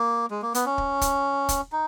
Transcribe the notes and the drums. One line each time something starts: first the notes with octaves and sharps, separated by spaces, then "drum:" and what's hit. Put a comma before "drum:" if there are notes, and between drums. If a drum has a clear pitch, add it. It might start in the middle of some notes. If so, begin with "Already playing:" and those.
Already playing: A#3
G#3
A#3
B3, drum: hi-hat
C#4
drum: kick
drum: kick, hi-hat
drum: kick, hi-hat
D#4